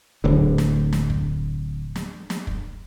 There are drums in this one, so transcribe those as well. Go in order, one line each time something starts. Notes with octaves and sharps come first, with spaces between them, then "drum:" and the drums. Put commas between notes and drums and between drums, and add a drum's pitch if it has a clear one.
D1 A2 D3
drum: snare
drum: snare
drum: kick
drum: snare
drum: snare
drum: kick